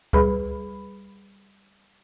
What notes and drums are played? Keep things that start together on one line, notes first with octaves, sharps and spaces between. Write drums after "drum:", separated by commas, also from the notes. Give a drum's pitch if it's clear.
G3 G#4 B4 B5, drum: kick C#2